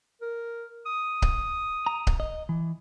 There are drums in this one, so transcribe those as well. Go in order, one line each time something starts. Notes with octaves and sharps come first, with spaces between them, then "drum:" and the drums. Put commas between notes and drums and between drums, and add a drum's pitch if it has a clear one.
A#4
D#6
drum: kick C#1
A#5
drum: kick C#1
D#5
E3